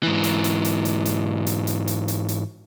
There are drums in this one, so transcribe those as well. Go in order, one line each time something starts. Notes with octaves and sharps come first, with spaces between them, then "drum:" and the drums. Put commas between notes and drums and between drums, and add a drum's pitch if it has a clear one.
G#2 E3
drum: hi-hat
drum: hi-hat
drum: hi-hat
drum: hi-hat
drum: hi-hat
drum: hi-hat
drum: hi-hat
drum: hi-hat
drum: hi-hat
drum: hi-hat